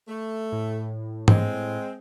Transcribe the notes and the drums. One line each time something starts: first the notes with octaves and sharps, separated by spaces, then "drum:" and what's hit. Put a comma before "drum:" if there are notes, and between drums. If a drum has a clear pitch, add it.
A3
A2
G#3 C4, drum: tom G#2